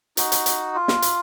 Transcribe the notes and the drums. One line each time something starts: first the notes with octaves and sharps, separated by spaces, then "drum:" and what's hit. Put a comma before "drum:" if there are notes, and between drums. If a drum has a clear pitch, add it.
D#4 F#4, drum: hi-hat
drum: hi-hat
drum: hi-hat
F4
drum: snare
drum: hi-hat